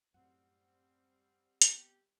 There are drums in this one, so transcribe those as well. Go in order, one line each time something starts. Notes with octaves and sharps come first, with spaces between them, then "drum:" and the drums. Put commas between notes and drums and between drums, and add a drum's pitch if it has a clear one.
F#2 A2 G3 C4 F#5
B3 G4, drum: hi-hat